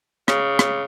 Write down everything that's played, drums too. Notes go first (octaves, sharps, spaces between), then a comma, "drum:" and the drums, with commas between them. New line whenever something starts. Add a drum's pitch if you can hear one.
C#3, drum: rim click
drum: rim click